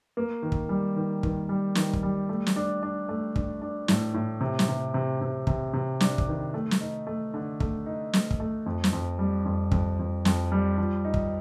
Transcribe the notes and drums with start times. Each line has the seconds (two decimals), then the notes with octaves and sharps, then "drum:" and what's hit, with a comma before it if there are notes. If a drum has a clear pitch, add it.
0.17 A#3
0.42 D#3
0.52 drum: kick
0.69 G3
0.96 D#3
1.23 D#3, drum: kick
1.49 G3
1.75 D#3, drum: snare
1.93 drum: kick
2.03 G3
2.29 A3
2.47 drum: snare
2.56 D4
2.83 D4
3.09 A3
3.36 D4, drum: kick
3.61 D4
3.88 A2, drum: snare
4.14 A2
4.41 C3
4.59 drum: snare
4.68 C3
4.94 C3
5.21 C3
5.47 C3, drum: kick
5.73 C3
6.00 D4, drum: snare
6.18 drum: kick
6.27 D#3
6.54 A3
6.71 drum: snare
6.81 D#4
7.07 A3
7.34 D3
7.60 A3, drum: kick
7.86 D#4
8.13 A3, drum: snare
8.31 drum: kick
8.40 A3
8.66 F2
8.84 drum: snare
8.93 F2
9.19 G3
9.45 F2
9.72 F2, drum: kick
9.99 F2
10.25 F2, drum: snare
10.52 G3
10.78 F3
11.05 D#4
11.14 drum: kick